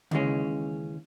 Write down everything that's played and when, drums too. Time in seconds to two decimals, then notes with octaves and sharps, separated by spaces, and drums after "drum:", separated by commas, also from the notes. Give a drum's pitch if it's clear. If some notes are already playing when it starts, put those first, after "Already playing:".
0.11 D#2 C#3 E3 G#3 C#4, drum: tom C#3